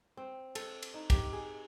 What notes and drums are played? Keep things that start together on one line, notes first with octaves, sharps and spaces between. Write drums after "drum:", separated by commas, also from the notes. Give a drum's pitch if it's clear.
C4
A4, drum: cymbal
drum: cymbal
D#4
G4, drum: kick, cymbal
G#4